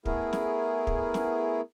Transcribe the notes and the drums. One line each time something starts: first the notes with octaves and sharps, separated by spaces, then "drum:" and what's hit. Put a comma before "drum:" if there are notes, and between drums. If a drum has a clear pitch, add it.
A3 B3 E4 G#4 A#4, drum: kick
drum: snare
drum: kick
drum: snare